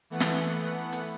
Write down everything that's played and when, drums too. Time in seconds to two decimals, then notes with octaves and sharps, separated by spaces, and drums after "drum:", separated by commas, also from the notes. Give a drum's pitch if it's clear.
0.10 E3 A3 B3 F#5
0.20 drum: snare
0.93 drum: hi-hat